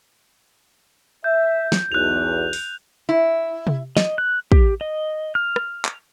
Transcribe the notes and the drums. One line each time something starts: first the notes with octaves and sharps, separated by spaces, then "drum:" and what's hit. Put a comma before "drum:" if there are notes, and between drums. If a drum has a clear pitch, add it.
E5 G6
drum: snare
B1 E2 F#6 F7
drum: open hi-hat
E4
drum: tom C3
D#5, drum: snare
F#6
G4, drum: kick
D#5
F6
drum: rim click
drum: clap